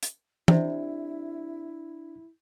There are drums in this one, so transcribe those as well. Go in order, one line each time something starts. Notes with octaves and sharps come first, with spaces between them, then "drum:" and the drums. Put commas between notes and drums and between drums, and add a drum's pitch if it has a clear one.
drum: hi-hat
C3 D4 E4, drum: tom